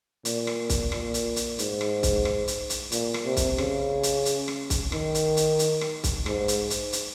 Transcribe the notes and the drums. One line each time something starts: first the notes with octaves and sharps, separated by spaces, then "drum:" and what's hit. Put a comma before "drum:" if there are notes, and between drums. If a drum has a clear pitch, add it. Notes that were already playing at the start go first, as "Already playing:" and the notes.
A#2, drum: hi-hat
drum: rim click
drum: kick, hi-hat
A#2, drum: rim click
drum: hi-hat
drum: hi-hat
G#2, drum: hi-hat
drum: rim click
drum: kick, hi-hat
drum: rim click
drum: hi-hat
drum: hi-hat
A#2, drum: hi-hat
drum: rim click
C3
drum: kick, hi-hat
C#3, drum: rim click
drum: hi-hat
drum: hi-hat
drum: rim click
drum: kick, hi-hat
D#3, drum: rim click
drum: hi-hat
drum: hi-hat
drum: hi-hat
drum: rim click
drum: kick, hi-hat
G#2, drum: rim click
drum: hi-hat
drum: hi-hat
drum: hi-hat